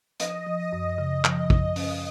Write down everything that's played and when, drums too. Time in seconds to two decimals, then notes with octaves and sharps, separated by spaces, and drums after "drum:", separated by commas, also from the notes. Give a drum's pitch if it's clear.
0.20 F3 D#5, drum: hi-hat
0.46 F3
0.59 D#5
0.73 F#2
0.98 C#3
1.25 F3, drum: clap
1.50 F#2, drum: kick
1.76 C#4, drum: open hi-hat